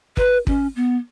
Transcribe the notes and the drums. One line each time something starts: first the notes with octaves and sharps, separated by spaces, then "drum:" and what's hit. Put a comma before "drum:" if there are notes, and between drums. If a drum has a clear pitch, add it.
B4, drum: kick
C#4, drum: kick
B3